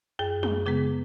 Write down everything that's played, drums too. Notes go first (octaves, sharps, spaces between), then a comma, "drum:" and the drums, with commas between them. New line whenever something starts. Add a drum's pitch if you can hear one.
F#2 G#4
G#4, drum: tom
C#3 G#3 B3 G#4